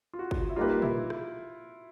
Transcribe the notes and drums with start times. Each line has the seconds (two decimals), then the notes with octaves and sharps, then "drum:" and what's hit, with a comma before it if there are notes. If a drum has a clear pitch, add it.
0.13 F4
0.19 F#4
0.31 drum: kick
0.50 E4
0.56 G3 A#3 D#4 F4 G4 B4
0.82 E4, drum: tom A#2
1.10 drum: rim click